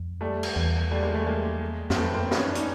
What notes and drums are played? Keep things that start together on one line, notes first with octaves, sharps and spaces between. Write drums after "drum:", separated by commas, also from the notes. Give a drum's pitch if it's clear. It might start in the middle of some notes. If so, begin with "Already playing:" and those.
Already playing: F2
G3 A3
drum: cymbal
E2
G3 A3
G#3 A#3
G3 A3
G#3 A#3
F#2 C4, drum: snare
F2 A3 B3
A#3 C4
F#2 B3 C#4, drum: snare
C#4 D#4
D4
C#4 D#4, drum: hi-hat